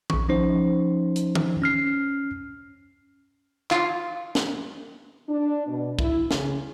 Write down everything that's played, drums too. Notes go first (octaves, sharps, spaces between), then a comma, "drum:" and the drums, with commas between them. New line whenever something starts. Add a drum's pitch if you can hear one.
A#1 C#6, drum: tom
F3 C#4 D#4 C5
drum: hi-hat
drum: tom
C#4 F6 C7
F4, drum: clap
drum: snare
D4
B2
E4, drum: kick
C#3, drum: snare